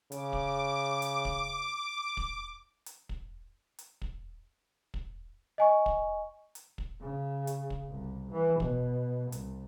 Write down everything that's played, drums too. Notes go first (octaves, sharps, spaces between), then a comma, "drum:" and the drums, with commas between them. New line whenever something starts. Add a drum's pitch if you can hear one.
C#3 D6, drum: hi-hat
drum: kick
drum: hi-hat
drum: kick
drum: kick
drum: hi-hat
drum: kick
drum: hi-hat
drum: kick
drum: kick
D#5 G#5 C#6
drum: kick
drum: hi-hat
drum: kick
C#3
drum: hi-hat
drum: kick
C2
E3
B2, drum: kick
C2, drum: hi-hat